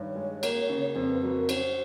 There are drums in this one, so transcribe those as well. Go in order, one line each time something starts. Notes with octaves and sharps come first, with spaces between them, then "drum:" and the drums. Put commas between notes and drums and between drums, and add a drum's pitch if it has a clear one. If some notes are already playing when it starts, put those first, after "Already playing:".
Already playing: G2 D#3 C#5
G#3
A#3, drum: cymbal
C#3
F2 C5
B4
F#3 B4
A#4
C#4 C5, drum: cymbal